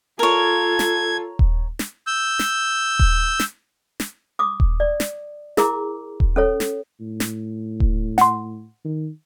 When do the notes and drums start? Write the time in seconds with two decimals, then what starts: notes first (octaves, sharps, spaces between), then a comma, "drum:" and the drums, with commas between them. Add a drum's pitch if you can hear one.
0.19 F4 A4 A#4 C#5 G#6
0.79 drum: snare
1.39 drum: kick D#1
1.79 drum: snare
2.07 E6 G6
2.39 drum: snare
2.99 drum: kick D#1
3.40 drum: snare
4.00 drum: snare
4.39 D6 D#6
4.60 drum: kick D#1
4.80 D5
5.00 drum: snare
5.57 E4 G#4 A#4 A#5 D6, drum: snare
6.20 drum: kick D#1
6.36 C#4 A4 C#5
6.60 drum: snare
7.00 A2
7.20 drum: snare
7.80 drum: kick D#1
8.18 F#5 C6, drum: snare
8.85 D#3